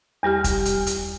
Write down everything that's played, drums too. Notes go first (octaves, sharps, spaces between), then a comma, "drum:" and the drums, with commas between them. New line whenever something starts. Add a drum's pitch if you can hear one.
E2 G3 G4 F6
drum: kick, hi-hat
drum: hi-hat
drum: hi-hat